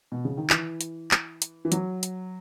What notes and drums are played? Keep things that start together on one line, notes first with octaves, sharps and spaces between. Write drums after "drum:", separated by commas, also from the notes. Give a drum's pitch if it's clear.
B2
C#3
D#3
E3, drum: clap
drum: hi-hat
drum: clap
drum: hi-hat
E3
F#3, drum: hi-hat
drum: hi-hat